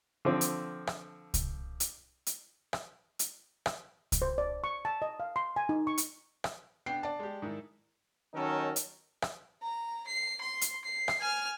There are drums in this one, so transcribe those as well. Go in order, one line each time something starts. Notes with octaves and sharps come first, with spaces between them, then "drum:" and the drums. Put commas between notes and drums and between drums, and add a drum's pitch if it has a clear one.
D3 F3 C4
drum: hi-hat
drum: rim click
drum: kick C2, hi-hat
drum: hi-hat
drum: hi-hat
drum: rim click
drum: hi-hat
drum: rim click
drum: kick C2, hi-hat
C5
D5
C#6
A5
D#5
F5
C6
G#5
D#4
C#6
drum: hi-hat
drum: rim click
B3 D4 G5 C7
D5 A5
G#3 G4
G#2 D#3 E4
D#3 F#3 C#4 D#4 A4 A#4
drum: hi-hat
drum: rim click
A#5
C7
C6
drum: hi-hat
C7
drum: rim click
G#5 F6